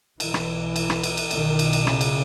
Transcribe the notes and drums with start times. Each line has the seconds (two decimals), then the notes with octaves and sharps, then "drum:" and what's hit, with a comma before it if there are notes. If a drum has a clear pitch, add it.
0.20 B1 B2 E3, drum: cymbal
0.34 drum: rim click
0.76 drum: cymbal
0.90 drum: rim click
1.03 drum: cymbal
1.17 drum: cymbal
1.31 B1 B2 D#3, drum: cymbal
1.59 drum: cymbal
1.73 drum: cymbal
1.87 C#3, drum: rim click
2.01 drum: cymbal